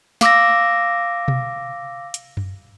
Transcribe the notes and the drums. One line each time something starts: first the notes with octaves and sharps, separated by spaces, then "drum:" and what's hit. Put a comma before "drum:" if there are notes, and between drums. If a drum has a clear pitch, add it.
F5 D6 E6 A#6, drum: snare
drum: tom B2
drum: hi-hat
drum: tom F#2